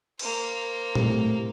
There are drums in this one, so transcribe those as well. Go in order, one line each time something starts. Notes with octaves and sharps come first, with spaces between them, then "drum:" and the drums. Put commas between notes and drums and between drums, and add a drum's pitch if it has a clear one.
A#3 C5, drum: cymbal
A2 C3, drum: tom A#2